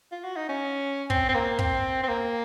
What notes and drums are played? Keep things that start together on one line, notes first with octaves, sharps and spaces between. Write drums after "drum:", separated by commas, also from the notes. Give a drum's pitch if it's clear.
F4
F#4
D#4
C#4
C4, drum: kick
C4
A#3
C4, drum: kick
C4
A#3